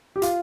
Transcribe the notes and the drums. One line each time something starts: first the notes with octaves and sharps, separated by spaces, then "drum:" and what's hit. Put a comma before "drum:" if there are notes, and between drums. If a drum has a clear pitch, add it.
G4
F4, drum: hi-hat